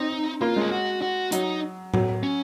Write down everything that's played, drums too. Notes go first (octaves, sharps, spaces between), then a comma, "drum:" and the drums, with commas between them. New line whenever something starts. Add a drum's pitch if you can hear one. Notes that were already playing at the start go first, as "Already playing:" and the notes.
Already playing: C4 D#4
A#3 F4
G#3 G#4
F#4
F#4
F#3 D#4, drum: hi-hat
F#3, drum: tom A2
C#4